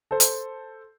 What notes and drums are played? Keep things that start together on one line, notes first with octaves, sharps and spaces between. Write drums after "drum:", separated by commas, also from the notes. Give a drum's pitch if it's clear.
A4 C5
drum: hi-hat